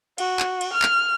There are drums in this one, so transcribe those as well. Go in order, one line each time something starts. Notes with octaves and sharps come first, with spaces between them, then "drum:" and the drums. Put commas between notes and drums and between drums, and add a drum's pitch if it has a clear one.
F#4, drum: cymbal
drum: clap
drum: cymbal
F6
drum: clap